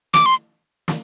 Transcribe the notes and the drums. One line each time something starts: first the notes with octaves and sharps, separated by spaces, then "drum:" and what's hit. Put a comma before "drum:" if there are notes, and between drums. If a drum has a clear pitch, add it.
D6, drum: snare
C6
drum: snare